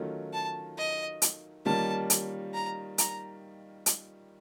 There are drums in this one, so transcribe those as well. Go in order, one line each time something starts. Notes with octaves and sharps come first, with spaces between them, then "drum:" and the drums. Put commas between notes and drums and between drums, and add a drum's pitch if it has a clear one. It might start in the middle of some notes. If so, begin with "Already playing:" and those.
Already playing: D#3 F#3 A3 C#4 F4
A5
D#5
drum: hi-hat
D#3 G3 A#3 C#4 F4 A5
drum: hi-hat
A#5
A#5, drum: hi-hat
drum: hi-hat